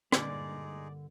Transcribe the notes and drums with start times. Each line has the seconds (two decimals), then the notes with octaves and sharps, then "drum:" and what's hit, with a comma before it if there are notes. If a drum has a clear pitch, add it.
0.12 G2 A#2 D3 G#3 D#4 G#4 D5, drum: rim click